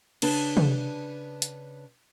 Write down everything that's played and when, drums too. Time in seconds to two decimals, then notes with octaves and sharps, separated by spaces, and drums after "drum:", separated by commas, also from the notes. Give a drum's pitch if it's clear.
0.22 C#3 D4 B4 A5, drum: cymbal
0.57 drum: tom
1.42 drum: hi-hat